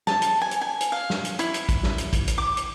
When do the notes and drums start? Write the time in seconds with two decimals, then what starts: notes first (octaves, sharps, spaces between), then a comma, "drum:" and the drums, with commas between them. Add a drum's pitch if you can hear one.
0.07 A5, drum: snare
0.22 drum: hi-hat
0.42 G#5
0.51 drum: hi-hat
0.61 G#5
0.81 drum: hi-hat
0.92 F5
1.10 drum: snare
1.25 drum: hi-hat
1.39 E4, drum: hi-hat
1.54 drum: hi-hat
1.69 drum: kick, hi-hat
1.83 drum: snare
1.98 drum: hi-hat
2.13 drum: kick, hi-hat
2.27 drum: hi-hat
2.38 D6
2.57 drum: hi-hat